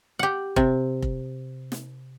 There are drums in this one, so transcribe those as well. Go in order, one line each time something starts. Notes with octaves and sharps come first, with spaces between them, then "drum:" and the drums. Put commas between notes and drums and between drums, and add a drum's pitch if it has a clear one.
G4 F#5
C3, drum: kick F1
drum: kick F1
drum: snare